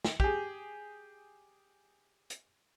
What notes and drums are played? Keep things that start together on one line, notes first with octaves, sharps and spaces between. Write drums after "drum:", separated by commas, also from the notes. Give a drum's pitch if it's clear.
drum: snare
G4 G#4, drum: kick
drum: hi-hat